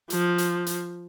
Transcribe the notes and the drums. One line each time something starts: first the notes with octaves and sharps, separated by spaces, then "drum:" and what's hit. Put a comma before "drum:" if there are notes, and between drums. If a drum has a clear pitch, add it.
F3, drum: hi-hat
drum: hi-hat
drum: hi-hat